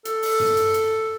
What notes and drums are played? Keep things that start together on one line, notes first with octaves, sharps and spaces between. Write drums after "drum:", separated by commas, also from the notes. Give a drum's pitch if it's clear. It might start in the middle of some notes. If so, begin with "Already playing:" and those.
A4, drum: hi-hat
drum: open hi-hat
drum: tom
drum: hi-hat
drum: hi-hat